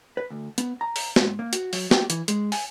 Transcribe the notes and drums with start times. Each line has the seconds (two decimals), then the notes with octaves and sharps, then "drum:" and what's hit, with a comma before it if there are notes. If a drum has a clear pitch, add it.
0.17 B4
0.30 D2
0.58 B3, drum: hi-hat
0.81 A#5
0.96 drum: open hi-hat
1.16 G#2, drum: snare
1.39 A#3
1.53 F#4, drum: hi-hat
1.73 F#3, drum: open hi-hat
1.91 G4, drum: snare
2.10 E3, drum: hi-hat
2.28 G#3, drum: hi-hat
2.52 G#5, drum: open hi-hat